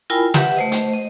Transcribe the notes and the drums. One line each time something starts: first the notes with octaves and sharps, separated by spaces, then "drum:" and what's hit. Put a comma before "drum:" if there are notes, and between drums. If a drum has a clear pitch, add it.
E4 F4 A#4 G5 G#5 B5
G4 B4 E5 F#5, drum: snare
A3 C5 D#5
drum: hi-hat
D#5